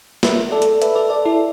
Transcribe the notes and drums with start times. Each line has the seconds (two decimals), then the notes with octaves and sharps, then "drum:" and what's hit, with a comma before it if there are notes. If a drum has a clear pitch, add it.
0.23 B4 E5, drum: snare
0.52 A4 D5
0.62 drum: hi-hat
0.82 B4 E5, drum: hi-hat
0.95 A4 D5
1.10 A4 D5
1.25 E4 A4